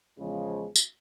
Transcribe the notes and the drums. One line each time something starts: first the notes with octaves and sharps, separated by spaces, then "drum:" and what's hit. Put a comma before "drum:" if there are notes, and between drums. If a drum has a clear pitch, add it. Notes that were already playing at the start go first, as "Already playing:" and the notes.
E2 C#3 F3 G#3
drum: tambourine